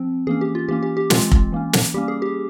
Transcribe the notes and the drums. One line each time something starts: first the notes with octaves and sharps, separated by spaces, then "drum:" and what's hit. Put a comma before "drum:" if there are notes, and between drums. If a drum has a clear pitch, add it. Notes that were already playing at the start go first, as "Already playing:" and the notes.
Already playing: F3 C4
E3 A#3 C#4 G#4
G4
F4
E3 A#3 C#4 G4
G4
G4
E3 G#3 C4 F4, drum: snare
drum: kick F1
E3 A#3 C#4
drum: snare
G3 A#3 C#4 G4
G#4
G4